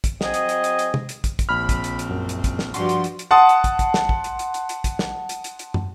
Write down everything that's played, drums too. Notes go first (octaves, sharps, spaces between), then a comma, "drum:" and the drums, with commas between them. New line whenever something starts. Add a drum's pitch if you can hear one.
drum: kick, hi-hat
F#3 C4 G#4 D#5, drum: snare
drum: hi-hat
drum: hi-hat
drum: hi-hat
drum: hi-hat
drum: tom
drum: hi-hat
drum: kick, hi-hat
drum: kick, hi-hat
A#1 C4 B5 F6
drum: kick, hi-hat
drum: hi-hat
drum: hi-hat
F#2
drum: hi-hat
drum: kick, hi-hat
drum: snare
G2 F3 D4 F#4 C6, drum: hi-hat
drum: hi-hat
drum: hi-hat
drum: hi-hat
F#5 A5 C6 D#6
drum: hi-hat
drum: kick, hi-hat
drum: kick, hi-hat
drum: snare
drum: kick
drum: hi-hat
drum: hi-hat
drum: hi-hat
drum: hi-hat
drum: kick, hi-hat
drum: snare
drum: hi-hat
drum: hi-hat
drum: hi-hat
drum: tom